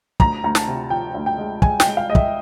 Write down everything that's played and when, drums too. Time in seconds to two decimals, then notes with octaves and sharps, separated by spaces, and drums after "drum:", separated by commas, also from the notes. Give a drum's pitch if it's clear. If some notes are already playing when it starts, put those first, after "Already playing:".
0.20 D2 A#5, drum: kick
0.44 D2 A#5
0.55 A5, drum: snare
0.67 C3
0.90 F3 G5
1.15 D2
1.26 G5
1.38 G#3
1.62 G#3 G#5, drum: kick
1.80 G5, drum: snare
1.85 G#3
1.97 F5
2.09 G#3 D#5
2.15 E5, drum: kick